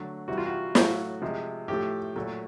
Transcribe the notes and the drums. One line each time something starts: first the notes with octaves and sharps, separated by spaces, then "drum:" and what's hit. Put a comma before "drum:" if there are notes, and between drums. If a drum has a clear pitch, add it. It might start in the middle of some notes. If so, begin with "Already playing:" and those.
Already playing: D3 F#3 A3
C3 E3 G3 F#4
F4
F#4
A2 F#3 A3, drum: snare
C3 F3 G#3
A2 F3 A3 G4
A#2 F#3 A3